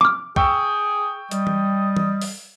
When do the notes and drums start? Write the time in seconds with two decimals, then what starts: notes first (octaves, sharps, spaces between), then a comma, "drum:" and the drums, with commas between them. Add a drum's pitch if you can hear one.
0.01 D6 F6
0.36 G#4 G5 C#6 E6, drum: kick C2
1.31 G3 D#5, drum: hi-hat
1.47 drum: tom E3
1.97 drum: tom E3
2.22 drum: open hi-hat